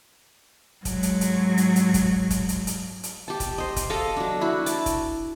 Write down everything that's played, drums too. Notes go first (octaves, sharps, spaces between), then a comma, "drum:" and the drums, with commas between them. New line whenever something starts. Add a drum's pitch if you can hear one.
G#2 F#3, drum: kick, hi-hat
drum: hi-hat
drum: hi-hat
drum: hi-hat
drum: hi-hat
drum: kick, hi-hat
drum: kick, hi-hat
drum: hi-hat
drum: hi-hat
drum: hi-hat
G4 A5
drum: kick, hi-hat
C5 D#5
drum: kick, hi-hat
A4 D#5 F5 A5
F#3 D4
E4 F#4
A5, drum: hi-hat
drum: kick, hi-hat